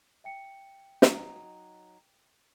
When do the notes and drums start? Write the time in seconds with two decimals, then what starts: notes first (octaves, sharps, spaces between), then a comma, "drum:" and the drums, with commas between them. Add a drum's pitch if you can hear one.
0.24 E5 G5 C#7
1.02 F#3 D#4, drum: snare